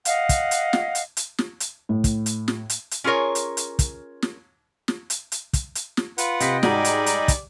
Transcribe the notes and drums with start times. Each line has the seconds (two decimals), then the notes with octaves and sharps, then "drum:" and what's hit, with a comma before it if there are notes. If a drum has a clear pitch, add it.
0.05 D#5 F5 F#5, drum: hi-hat
0.29 drum: kick, hi-hat
0.51 drum: hi-hat
0.73 drum: snare
0.95 drum: hi-hat
1.17 drum: hi-hat
1.38 drum: snare
1.60 drum: hi-hat
1.89 A2
2.04 drum: kick, hi-hat
2.26 drum: hi-hat
2.48 drum: snare
2.70 drum: hi-hat
2.91 drum: hi-hat
3.04 C#4 F4 G#4 A#4 C#5
3.35 drum: hi-hat
3.57 drum: hi-hat
3.79 drum: kick, hi-hat
4.22 drum: snare
4.88 drum: snare
5.10 drum: hi-hat
5.32 drum: hi-hat
5.53 drum: kick, hi-hat
5.75 drum: hi-hat
5.97 drum: snare
6.18 F4 B4 F#5, drum: hi-hat
6.40 C3 D#5 G5 B6, drum: hi-hat
6.63 G#2 G3 D#4 F#4 D5 G#5 A#5 B5, drum: snare
6.85 drum: hi-hat
7.06 drum: hi-hat
7.28 drum: kick, hi-hat